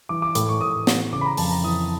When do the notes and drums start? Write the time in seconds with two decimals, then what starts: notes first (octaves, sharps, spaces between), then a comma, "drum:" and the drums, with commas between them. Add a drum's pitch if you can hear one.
0.09 E3 D6
0.22 D6
0.35 A2 D6, drum: hi-hat
0.49 C#6
0.61 A2 D#6
0.87 E3, drum: snare
1.13 C#3 D6
1.21 B5
1.26 A#5
1.37 F2 A5, drum: open hi-hat
1.51 A#5
1.64 E3 D#6